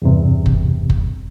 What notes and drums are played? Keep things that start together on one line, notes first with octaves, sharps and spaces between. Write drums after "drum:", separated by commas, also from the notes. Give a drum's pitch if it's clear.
E2 G2 C3
drum: kick F#1
drum: kick F#1